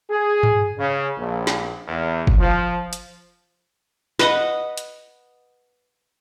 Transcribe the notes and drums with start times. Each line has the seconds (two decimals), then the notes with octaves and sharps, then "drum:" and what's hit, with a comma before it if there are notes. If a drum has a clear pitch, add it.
0.10 G#4
0.43 drum: tom G2
0.77 C#3
1.18 A#1
1.47 drum: snare
1.88 E2
2.27 drum: kick
2.38 F3
2.93 drum: hi-hat
4.19 B4 D#5 F#5, drum: snare
4.78 drum: hi-hat